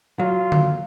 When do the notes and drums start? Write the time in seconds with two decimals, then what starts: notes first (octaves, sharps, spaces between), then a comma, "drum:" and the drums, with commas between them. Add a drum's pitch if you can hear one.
0.19 F#3 F4
0.52 drum: tom D3